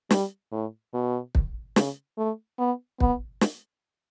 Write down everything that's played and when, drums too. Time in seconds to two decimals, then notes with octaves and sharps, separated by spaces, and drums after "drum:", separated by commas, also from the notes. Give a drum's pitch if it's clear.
0.11 G3, drum: snare
0.52 A2
0.94 B2
1.35 drum: kick
1.76 C#3, drum: snare
2.18 A3
2.59 B3
3.00 B3, drum: kick
3.41 drum: snare